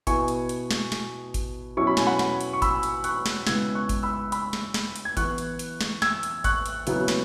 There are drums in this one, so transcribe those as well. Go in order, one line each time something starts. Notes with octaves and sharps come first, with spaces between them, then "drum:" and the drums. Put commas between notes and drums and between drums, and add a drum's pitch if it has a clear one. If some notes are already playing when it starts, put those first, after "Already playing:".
B2 B3 E4 G#5 C#6, drum: kick G#1, hi-hat
drum: hi-hat
drum: hi-hat
drum: snare
drum: snare
drum: kick G#1, hi-hat
B2 F#3 C#4 E4 C#6
B5
G#5, drum: snare
F#5 B5
drum: snare
drum: hi-hat
C#6
B5 E6, drum: kick G#1, hi-hat
drum: hi-hat
C#6 F#6, drum: hi-hat
drum: snare
C#3 G#3 B3 E4 E6 G#6, drum: snare
C#6 F#6
drum: kick G#1, hi-hat
B5 E6
B5 E6, drum: hi-hat
drum: snare
drum: snare
drum: hi-hat
G#6
E3 B3 E4 C#6 F#6, drum: kick G#1, hi-hat
drum: hi-hat
drum: hi-hat
drum: snare
E6 G#6, drum: snare
drum: hi-hat
C#6 F#6, drum: kick G#1, hi-hat
drum: hi-hat
C#3 F#3 B3 E4, drum: hi-hat
drum: snare